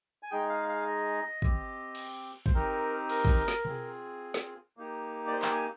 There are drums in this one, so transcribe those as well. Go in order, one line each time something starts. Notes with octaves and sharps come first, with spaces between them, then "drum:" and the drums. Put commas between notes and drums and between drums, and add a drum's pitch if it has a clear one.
G#5
G#3 D#4 G#4 G5
F5
F5
D#5
C4 G4, drum: kick
drum: cymbal
C5, drum: kick
C4 D#4 G4 A#4
A#4, drum: cymbal
drum: kick
drum: snare
C4 F4 G#4, drum: tom B2
drum: snare
A#3 D#4 G4
D5
C5
G5, drum: clap
G#5